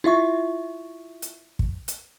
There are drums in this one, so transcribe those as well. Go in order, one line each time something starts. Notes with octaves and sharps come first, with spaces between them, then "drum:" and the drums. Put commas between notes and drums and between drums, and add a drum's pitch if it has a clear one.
E4 F4 E5 C#6
drum: hi-hat
drum: kick
drum: hi-hat